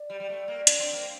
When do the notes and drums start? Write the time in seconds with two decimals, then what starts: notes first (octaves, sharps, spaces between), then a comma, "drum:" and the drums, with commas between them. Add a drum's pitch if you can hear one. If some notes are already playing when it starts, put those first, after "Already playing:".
Already playing: D5
0.10 G3
0.20 G3
0.29 A3
0.48 A#3
0.67 D4, drum: hi-hat
0.80 C4
0.93 A#3